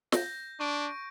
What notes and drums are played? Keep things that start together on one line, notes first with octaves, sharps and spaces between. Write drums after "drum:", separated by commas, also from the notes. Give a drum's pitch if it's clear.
G6 A#6, drum: snare
D4 C#6 D7